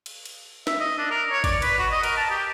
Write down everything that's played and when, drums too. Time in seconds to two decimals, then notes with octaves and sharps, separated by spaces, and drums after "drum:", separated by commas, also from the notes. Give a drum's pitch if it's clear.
0.06 drum: cymbal
0.25 drum: cymbal
0.67 E5, drum: snare
0.80 D#5
0.98 D4
1.11 A#4
1.31 C#5
1.44 D5, drum: kick G#1, cymbal
1.62 B4, drum: cymbal
1.79 F#4
1.92 D#5
2.03 A#4, drum: cymbal
2.17 A5
2.30 G4